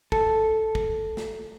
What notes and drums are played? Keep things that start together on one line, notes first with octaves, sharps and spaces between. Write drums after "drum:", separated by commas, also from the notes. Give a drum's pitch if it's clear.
A4, drum: kick
drum: kick
drum: snare